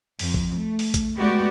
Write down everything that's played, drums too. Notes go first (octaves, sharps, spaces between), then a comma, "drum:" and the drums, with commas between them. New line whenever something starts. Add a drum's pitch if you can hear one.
F2, drum: open hi-hat
drum: kick A1
A3
drum: open hi-hat
drum: kick A1, hi-hat
G#3 A3 B3 F#4 G4 D5